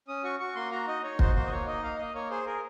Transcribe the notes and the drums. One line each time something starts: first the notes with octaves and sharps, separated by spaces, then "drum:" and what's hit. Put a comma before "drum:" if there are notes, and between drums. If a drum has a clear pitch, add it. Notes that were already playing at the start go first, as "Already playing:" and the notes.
C#4 D#6
F#4 C#6
F#4 C#6
A#3 C6
F#4 A#5
D#4 D#5
D#4 C#5
F#4 C5, drum: kick
A#3 C5
D#5
A#3 C#5
D#4 D#5
A#3 F5
A#3 D#5
A#3 C#5
G#4 C5
G#4 A#4